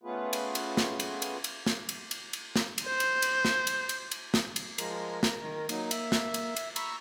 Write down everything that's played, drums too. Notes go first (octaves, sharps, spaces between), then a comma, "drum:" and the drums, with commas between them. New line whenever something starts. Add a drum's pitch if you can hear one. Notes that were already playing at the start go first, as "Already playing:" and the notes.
A3 B3 C#4 F4 G#4 B4
drum: cymbal
drum: cymbal
drum: snare
drum: cymbal
drum: cymbal
drum: cymbal
drum: snare
drum: cymbal
drum: cymbal
drum: cymbal
drum: snare
drum: cymbal
C5
drum: cymbal
drum: cymbal
drum: snare
drum: cymbal
drum: cymbal
drum: cymbal
drum: snare
drum: cymbal
F3 G#3 A#4, drum: cymbal
drum: snare
D#3
F#3 A#3 D#4, drum: cymbal
E5, drum: cymbal
drum: snare
drum: cymbal
drum: cymbal
A#5 B5 C#6 E6, drum: cymbal